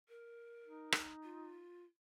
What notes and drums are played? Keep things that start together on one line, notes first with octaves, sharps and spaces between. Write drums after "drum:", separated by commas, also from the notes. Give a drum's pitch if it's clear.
A#4
D#4
drum: rim click
F4